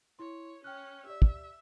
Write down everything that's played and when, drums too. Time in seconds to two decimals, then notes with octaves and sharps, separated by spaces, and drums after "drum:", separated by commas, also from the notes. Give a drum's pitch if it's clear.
0.19 E4 C#5 C6
0.64 C#4 G5 F6 F#6
1.06 G4 D5 E5
1.22 drum: kick